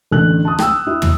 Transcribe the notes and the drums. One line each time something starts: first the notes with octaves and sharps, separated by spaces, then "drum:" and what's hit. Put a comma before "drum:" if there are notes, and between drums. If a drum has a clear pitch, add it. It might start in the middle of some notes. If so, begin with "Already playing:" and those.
A1 D3 F#6
A5 D#6
G5 E6, drum: rim click
E4
drum: tom